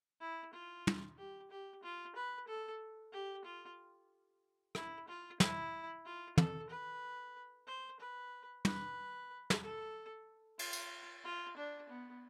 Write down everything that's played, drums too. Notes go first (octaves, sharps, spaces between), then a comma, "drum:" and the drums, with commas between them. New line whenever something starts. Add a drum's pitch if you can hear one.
E4
F4
drum: tom
G4
G4
F4
B4
A4
G4
F4
E4, drum: rim click
F4
E4, drum: snare
F4
A4, drum: tom
B4
C5
B4
B4, drum: tom
drum: snare
A4
F4, drum: cymbal
drum: tambourine
F4
D4
B3